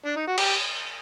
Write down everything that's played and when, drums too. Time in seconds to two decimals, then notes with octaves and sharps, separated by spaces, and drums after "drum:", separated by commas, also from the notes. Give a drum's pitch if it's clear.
0.05 D4
0.16 D#4
0.27 F#4
0.38 G4, drum: cymbal